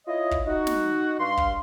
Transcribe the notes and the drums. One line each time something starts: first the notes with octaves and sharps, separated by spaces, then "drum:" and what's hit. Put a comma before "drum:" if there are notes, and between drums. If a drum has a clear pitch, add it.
E4 F4 C#5 D#5
drum: kick
D#4 F#4
drum: snare
G2 F5 C6
drum: kick